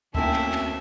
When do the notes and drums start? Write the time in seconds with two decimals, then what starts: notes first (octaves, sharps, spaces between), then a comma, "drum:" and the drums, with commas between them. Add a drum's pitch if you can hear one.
0.15 D2 A#3 C4 C#4 E4 E5 G#5 A5, drum: kick D2
0.33 drum: clap
0.52 drum: clap